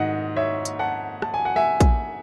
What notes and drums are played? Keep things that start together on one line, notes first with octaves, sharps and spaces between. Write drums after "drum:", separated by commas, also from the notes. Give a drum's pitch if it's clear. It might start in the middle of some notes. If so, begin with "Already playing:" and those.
Already playing: G#2 D#3 D#5 F#5
C#5 E5
drum: hi-hat
F#5 A5
A5, drum: rim click
G#5
F#5
E5 G#5
drum: kick, hi-hat